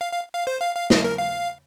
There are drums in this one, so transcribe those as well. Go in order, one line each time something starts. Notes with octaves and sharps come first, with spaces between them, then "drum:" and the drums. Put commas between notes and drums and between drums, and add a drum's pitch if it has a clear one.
F5
F5
F5
C5
F5
F5
D#5, drum: snare
A#4
F5